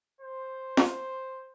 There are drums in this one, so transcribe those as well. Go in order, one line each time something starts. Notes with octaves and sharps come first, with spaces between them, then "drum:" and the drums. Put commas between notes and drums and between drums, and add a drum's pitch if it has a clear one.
C5
drum: snare